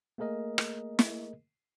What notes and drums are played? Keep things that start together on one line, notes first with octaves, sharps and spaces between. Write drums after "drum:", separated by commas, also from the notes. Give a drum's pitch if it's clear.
A3 A#3 G#4 A#4 D#5
drum: rim click
drum: snare